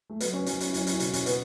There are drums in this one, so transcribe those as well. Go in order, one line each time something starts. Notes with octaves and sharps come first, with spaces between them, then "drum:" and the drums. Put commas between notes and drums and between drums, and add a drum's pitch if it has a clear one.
A3
F#3 B3, drum: hi-hat
C#4
F#3 C#4, drum: hi-hat
C#4, drum: hi-hat
E4
F#3 C#4, drum: hi-hat
E4, drum: hi-hat
C#4
B2 E4, drum: hi-hat
C#4, drum: hi-hat
B2 B3, drum: hi-hat